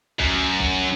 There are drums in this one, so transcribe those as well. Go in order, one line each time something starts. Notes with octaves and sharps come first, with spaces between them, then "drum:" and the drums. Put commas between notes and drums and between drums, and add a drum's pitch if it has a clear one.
F#2, drum: kick
drum: kick